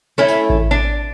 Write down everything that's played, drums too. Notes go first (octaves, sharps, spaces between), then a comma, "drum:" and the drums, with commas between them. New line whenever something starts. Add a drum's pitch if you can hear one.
A3 C#4 E4
drum: tambourine
drum: kick A1
D4